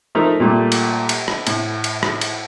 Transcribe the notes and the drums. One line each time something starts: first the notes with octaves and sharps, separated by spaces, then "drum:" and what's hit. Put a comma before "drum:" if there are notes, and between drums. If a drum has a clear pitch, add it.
F3 A3 D#4 A#4
A#2 G3 A3
drum: cymbal
drum: cymbal
drum: rim click
A2, drum: cymbal
drum: cymbal
drum: rim click
drum: cymbal